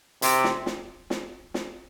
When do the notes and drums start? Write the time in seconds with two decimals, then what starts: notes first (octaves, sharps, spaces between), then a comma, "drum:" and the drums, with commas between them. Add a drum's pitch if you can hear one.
0.22 C3, drum: hi-hat
0.44 drum: snare
0.66 drum: snare
1.10 drum: snare
1.54 drum: snare